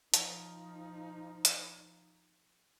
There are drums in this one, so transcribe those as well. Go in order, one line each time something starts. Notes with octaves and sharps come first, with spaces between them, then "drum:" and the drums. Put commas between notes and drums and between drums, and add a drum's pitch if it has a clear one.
F3 D#4, drum: hi-hat
drum: hi-hat